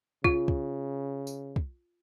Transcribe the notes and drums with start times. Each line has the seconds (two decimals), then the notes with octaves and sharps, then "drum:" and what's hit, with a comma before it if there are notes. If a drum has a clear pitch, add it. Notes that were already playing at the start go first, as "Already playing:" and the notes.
0.24 C#3 F4, drum: kick
0.48 drum: kick
1.27 drum: tambourine
1.56 drum: kick